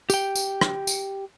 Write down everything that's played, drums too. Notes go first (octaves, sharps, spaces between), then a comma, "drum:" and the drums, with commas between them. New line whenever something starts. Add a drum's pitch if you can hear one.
G4 G5, drum: tambourine
drum: tambourine
drum: rim click
drum: tambourine